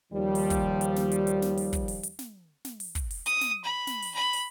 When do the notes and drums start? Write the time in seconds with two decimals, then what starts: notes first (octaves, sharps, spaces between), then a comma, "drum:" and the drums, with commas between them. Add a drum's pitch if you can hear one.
0.13 D#2 F3 G3
0.35 drum: open hi-hat
0.50 drum: kick, hi-hat
0.81 drum: hi-hat
0.96 drum: snare
1.12 drum: hi-hat
1.27 drum: hi-hat
1.42 drum: snare
1.57 drum: open hi-hat
1.73 drum: kick, hi-hat
1.88 drum: open hi-hat
2.03 drum: hi-hat
2.19 drum: snare
2.65 drum: snare
2.80 drum: open hi-hat
2.95 drum: kick, hi-hat
3.11 drum: open hi-hat
3.26 D#6, drum: hi-hat
3.41 drum: snare
3.64 B5
3.87 drum: snare
4.02 drum: open hi-hat
4.14 B5
4.33 drum: open hi-hat